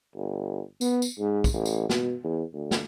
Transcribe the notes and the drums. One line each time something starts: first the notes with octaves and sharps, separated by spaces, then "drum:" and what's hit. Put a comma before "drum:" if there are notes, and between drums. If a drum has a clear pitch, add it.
G1
B3, drum: tambourine
drum: tambourine
G#2
drum: kick, tambourine
A1
drum: tambourine
B2, drum: snare
E2
D2
drum: snare